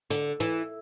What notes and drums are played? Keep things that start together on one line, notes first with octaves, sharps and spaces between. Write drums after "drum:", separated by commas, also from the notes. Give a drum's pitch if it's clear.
D3, drum: hi-hat
E3, drum: hi-hat